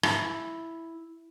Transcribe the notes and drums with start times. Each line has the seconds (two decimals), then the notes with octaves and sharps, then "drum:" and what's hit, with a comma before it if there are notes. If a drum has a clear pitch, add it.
0.03 E4, drum: rim click